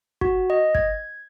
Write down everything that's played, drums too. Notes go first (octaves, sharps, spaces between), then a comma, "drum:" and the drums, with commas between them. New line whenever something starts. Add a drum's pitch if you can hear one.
F#4, drum: kick
D#5
G#6, drum: kick